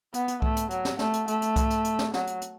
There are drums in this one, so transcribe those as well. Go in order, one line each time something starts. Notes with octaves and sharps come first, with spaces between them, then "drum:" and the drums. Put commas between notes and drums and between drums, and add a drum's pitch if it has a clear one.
B3, drum: hi-hat
drum: hi-hat
A3, drum: kick C2
drum: hi-hat
F#3, drum: hi-hat
drum: snare
A3, drum: snare
drum: hi-hat
A3, drum: hi-hat
drum: hi-hat
drum: kick C2, hi-hat
drum: hi-hat
drum: hi-hat
drum: snare
F#3, drum: snare
drum: hi-hat
drum: hi-hat